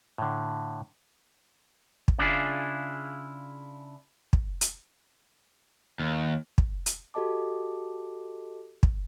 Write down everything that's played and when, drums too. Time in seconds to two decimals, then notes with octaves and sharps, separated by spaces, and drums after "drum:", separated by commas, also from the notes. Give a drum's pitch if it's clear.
0.18 A2 D3
2.08 drum: kick
2.18 C#3 D4 E4 F4 G#4
4.33 drum: kick
4.61 drum: hi-hat
5.99 D#2
6.58 drum: kick
6.86 drum: hi-hat
7.14 F#4 G4 A4 D#5 A5 D6
8.83 drum: kick